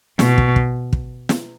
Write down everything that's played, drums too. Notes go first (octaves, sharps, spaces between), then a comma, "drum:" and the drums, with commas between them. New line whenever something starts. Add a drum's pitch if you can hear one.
B2, drum: snare
drum: kick
drum: kick
drum: kick
drum: snare